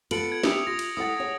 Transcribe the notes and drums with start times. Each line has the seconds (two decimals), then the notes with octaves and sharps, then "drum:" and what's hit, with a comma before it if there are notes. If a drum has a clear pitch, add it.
0.11 B3 F4 A4 C#7 D7 F#7, drum: cymbal
0.32 G#6
0.43 G4 E5 D#6 F7, drum: snare
0.67 F4 A#6
0.79 drum: cymbal
0.97 E4 A4 F#5 D#6 A6
1.20 G#4 C#5 F#5